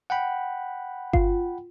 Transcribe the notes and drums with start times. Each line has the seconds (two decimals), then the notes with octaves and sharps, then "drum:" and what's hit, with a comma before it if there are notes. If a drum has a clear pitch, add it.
0.10 F#5 G5 B5
1.13 F4, drum: kick G1